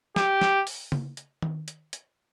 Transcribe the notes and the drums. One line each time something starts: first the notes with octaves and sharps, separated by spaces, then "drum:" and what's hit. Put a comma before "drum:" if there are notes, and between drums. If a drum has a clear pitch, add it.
G4, drum: snare
drum: snare
drum: open hi-hat
drum: tom C#3
drum: hi-hat
drum: tom D#3
drum: hi-hat
drum: hi-hat